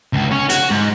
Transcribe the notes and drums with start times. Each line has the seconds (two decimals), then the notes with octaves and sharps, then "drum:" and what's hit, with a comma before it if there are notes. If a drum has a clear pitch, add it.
0.13 C#2
0.32 C#4
0.50 F#4, drum: hi-hat
0.71 G#2